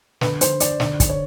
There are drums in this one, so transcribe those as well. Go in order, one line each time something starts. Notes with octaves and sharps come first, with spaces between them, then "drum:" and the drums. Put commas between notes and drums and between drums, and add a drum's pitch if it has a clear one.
D3 B4, drum: snare
D3 C5, drum: hi-hat
D3 D5, drum: hi-hat
D3 D5, drum: snare
D3, drum: kick, hi-hat
C#5